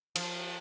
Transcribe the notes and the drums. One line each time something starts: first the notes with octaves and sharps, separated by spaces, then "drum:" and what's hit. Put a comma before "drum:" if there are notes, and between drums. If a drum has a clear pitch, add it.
F3, drum: cymbal